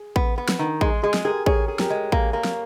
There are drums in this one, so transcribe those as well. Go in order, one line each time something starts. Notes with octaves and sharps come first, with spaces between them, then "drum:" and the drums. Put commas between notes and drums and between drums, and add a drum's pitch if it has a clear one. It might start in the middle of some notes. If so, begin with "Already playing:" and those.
Already playing: G#4
B3, drum: kick A1
B3
drum: snare
D#3
G#3 G#4, drum: kick A1
G#3 G#4
drum: snare
G4 G#4 A#4
G#4 A#4 C#5, drum: kick A1
G#4
G4 A#4, drum: snare
G#3
A#3, drum: kick A1
A#3
drum: snare